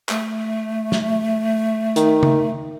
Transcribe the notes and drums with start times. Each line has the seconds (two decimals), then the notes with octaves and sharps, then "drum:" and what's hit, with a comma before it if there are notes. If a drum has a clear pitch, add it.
0.09 A3, drum: clap
0.92 drum: snare
1.96 D#3, drum: hi-hat
2.23 drum: tom C#3